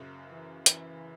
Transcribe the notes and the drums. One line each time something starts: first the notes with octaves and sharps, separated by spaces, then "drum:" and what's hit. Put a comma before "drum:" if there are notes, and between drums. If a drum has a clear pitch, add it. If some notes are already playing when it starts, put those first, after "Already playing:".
Already playing: F#1 F#2 C#3
E3
E3, drum: hi-hat